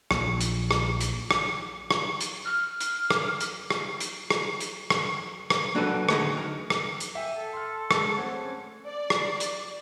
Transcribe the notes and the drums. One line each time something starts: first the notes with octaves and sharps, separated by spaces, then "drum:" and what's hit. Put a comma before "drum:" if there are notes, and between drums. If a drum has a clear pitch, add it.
A#1, drum: rim click
drum: hi-hat
drum: rim click
drum: hi-hat
drum: rim click
drum: rim click
drum: hi-hat
F6
drum: hi-hat
drum: rim click
drum: hi-hat
drum: rim click
drum: hi-hat
drum: rim click
drum: hi-hat
drum: rim click
drum: rim click
F#3 A#3 D4 F#4 A4 B4
D2 D#3 G#4 D#5 B5, drum: rim click
A#4
drum: rim click
drum: hi-hat
E5 G5 G#5
A4
C6 F6
G#3, drum: rim click
A3 C4 C#5 F#5
C#4
D5
drum: rim click
drum: hi-hat